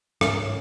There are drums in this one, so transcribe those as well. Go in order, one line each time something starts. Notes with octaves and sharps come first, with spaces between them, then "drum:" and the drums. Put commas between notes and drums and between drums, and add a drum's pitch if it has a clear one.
G#2 C#4, drum: rim click